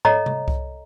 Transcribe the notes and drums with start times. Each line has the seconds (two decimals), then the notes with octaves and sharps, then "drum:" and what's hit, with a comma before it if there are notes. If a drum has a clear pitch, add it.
0.05 A4 C#5 D#5 A#5, drum: tom
0.26 drum: tom C3
0.48 drum: kick C2